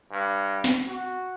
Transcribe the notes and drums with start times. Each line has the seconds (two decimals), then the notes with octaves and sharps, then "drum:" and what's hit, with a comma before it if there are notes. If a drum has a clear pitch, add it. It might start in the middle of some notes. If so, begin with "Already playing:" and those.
0.11 G2
0.64 drum: snare
0.86 F#4